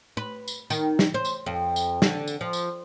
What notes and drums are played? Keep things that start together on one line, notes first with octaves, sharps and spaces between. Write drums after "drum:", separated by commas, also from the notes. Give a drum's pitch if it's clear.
B4
drum: tambourine
D#3, drum: tambourine
drum: snare
C5
drum: tambourine
F2
drum: tambourine
D3, drum: snare
drum: tambourine
F3
drum: tambourine